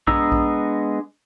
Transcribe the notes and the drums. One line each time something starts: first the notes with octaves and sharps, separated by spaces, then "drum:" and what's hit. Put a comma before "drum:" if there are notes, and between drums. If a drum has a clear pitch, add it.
G#3 B3 D4 A#5 E6, drum: kick A#1
drum: kick A#1